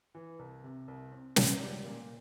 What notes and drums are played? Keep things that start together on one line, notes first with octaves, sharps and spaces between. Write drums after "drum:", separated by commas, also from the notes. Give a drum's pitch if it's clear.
E3
C2
C3
C2
C4
D#4, drum: snare
G3
A#2